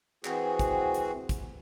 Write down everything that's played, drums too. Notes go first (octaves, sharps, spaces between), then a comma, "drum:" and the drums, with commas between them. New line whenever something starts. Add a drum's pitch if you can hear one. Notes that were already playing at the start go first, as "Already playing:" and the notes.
E3 C4 F#4 G#4, drum: clap
drum: kick, hi-hat
drum: hi-hat
drum: kick, hi-hat